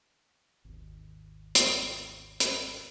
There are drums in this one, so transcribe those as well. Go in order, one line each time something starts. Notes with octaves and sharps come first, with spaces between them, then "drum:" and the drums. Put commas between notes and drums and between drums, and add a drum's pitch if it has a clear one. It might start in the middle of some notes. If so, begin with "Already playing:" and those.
G#1 D#2
drum: hi-hat
drum: hi-hat